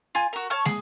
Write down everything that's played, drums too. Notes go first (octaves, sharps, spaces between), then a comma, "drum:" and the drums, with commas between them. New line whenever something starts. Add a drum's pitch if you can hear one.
F4 G#5
F#4 A#4
C#5 A5 C#6 F6
G#4, drum: snare